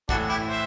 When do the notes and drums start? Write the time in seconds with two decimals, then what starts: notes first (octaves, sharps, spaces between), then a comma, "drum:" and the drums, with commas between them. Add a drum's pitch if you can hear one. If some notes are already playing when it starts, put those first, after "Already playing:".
0.09 A2 E3 A3 D4 F#4, drum: kick
0.29 E4 G4
0.49 C5 E5